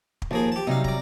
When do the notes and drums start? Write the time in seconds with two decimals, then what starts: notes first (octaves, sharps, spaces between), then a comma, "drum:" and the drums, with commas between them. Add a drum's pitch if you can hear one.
0.22 drum: kick
0.31 D#2 F3 A#3 G#4
0.52 G4 A5
0.67 C3 F#3 G3 D#4 F5
0.84 D5 A#5, drum: kick